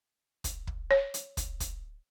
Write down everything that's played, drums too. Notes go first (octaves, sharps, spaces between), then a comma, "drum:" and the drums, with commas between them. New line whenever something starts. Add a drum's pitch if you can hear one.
drum: kick, hi-hat
drum: kick
C#5
drum: hi-hat
drum: kick, hi-hat
drum: kick, hi-hat